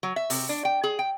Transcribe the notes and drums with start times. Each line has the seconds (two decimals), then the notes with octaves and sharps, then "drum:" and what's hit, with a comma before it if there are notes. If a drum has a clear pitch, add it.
0.03 F#3
0.16 E5
0.30 C3, drum: open hi-hat
0.49 D4
0.65 G5
0.84 G#4
0.99 G5